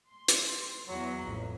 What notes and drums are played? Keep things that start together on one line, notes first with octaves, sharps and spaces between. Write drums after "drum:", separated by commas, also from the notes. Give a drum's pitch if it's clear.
C6
drum: hi-hat
E2 F#3
A1 F2